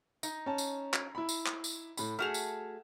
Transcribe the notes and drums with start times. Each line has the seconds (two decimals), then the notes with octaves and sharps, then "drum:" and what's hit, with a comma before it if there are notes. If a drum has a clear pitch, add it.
0.23 D#4, drum: tambourine
0.46 C#4 A5
0.58 drum: tambourine
0.94 drum: clap
1.15 E4 B5
1.29 drum: tambourine
1.46 drum: clap
1.64 drum: tambourine
1.97 A2 B5, drum: tambourine
2.19 A3 F#4 G#4 F6 E7 F7
2.34 drum: tambourine